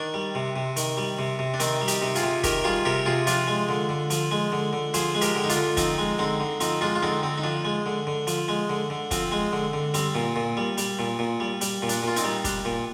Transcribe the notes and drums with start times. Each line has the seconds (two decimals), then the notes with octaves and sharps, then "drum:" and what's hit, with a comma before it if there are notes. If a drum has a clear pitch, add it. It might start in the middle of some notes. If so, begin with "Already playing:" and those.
Already playing: D#3 D4
0.14 G3
0.35 C3
0.56 C3
0.76 D#3, drum: hi-hat
0.97 G3
1.19 C3
1.39 C3
1.54 D4
1.60 D#3 C4 D#4, drum: hi-hat
1.81 G3
1.88 D#4 G4, drum: hi-hat
2.02 C3
2.15 F4 G#4, drum: hi-hat
2.23 C3
2.44 D#3 G4 A#4, drum: kick, hi-hat
2.64 G3 F4 G#4
2.85 C3 G4 A#4
3.06 C3 F4 G#4
3.27 F3 D4 F4, drum: hi-hat
3.47 G#3
3.69 D3
3.89 D3
4.10 F3, drum: hi-hat
4.31 G#3
4.52 D3
4.73 D3
4.94 F3 G#4 C5, drum: hi-hat
5.15 G#3
5.21 G4 A#4, drum: hi-hat
5.36 D3
5.44 D#4
5.49 D4 F4, drum: hi-hat
5.56 D3
5.77 F3 C4 D#4, drum: kick, hi-hat
5.98 G#3
6.19 D3 C4 D#4
6.40 D3
6.60 F3 C4 D#4, drum: hi-hat
6.81 G#3 D4 F4
6.96 F4
7.03 D3 C4 D#4
7.23 D3 C4
7.38 D#4
7.44 F3 D4
7.65 G#3
7.86 D3
8.07 D3
8.27 F3, drum: hi-hat
8.48 G#3
8.70 D3
8.90 D3
9.11 F3 C4, drum: kick, hi-hat
9.32 G#3
9.52 D3
9.73 D3
9.94 G3 C4, drum: hi-hat
10.15 A#2
10.36 A#2
10.57 G3
10.77 G3, drum: hi-hat
10.99 A#2
11.19 A#2
11.40 G3
11.61 G3, drum: hi-hat
11.82 A#2
11.89 D4, drum: hi-hat
12.03 A#2 F4
12.16 C4 D#4, drum: hi-hat
12.24 G3
12.44 G3 D4, drum: kick, hi-hat
12.65 A#2